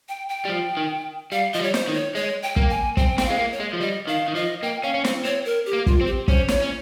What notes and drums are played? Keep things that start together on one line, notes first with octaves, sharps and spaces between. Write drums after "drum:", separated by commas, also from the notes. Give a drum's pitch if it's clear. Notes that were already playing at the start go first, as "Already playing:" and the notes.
G5
G5
G3
F3
D#3
G3 F5
F3 D#5
G3
C#5
C5, drum: snare
D#3
C#5
G#3 C#5
G5
A#3, drum: kick
G#5
C4 G5, drum: kick
C4 G5, drum: snare
G#3 F5
A#3
C#5
G#3
F3
G3 D#5
D#3 F5
D#3
F3 D#5
A#3 G5
C#4 F5
C#4
C4, drum: snare
C4 C#5
A#4
G4
A#3
F4, drum: kick
C4
G4
C#4 C5, drum: kick
C#5, drum: snare
C#4